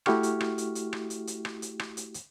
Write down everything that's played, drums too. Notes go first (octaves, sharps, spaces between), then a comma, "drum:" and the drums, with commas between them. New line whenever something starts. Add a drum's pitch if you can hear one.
A3 E4 F#4 G4 C#6 F6, drum: rim click
drum: hi-hat
drum: rim click
drum: hi-hat
drum: hi-hat
drum: rim click
drum: hi-hat
drum: hi-hat
drum: rim click
drum: hi-hat
drum: rim click
drum: hi-hat
drum: hi-hat